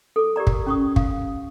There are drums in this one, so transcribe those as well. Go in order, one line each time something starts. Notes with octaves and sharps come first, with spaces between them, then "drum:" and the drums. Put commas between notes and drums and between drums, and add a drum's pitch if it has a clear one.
A4 D6
G4 A#4 D5 A#5
drum: kick
C#4 C#6 D#6
F5, drum: kick